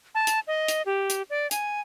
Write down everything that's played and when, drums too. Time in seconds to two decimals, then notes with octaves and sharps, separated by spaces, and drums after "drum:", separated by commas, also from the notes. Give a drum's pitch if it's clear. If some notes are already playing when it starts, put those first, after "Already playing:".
0.15 A5
0.27 drum: hi-hat
0.47 D#5
0.68 drum: hi-hat
0.86 G4
1.10 drum: hi-hat
1.30 D5
1.51 G#5, drum: hi-hat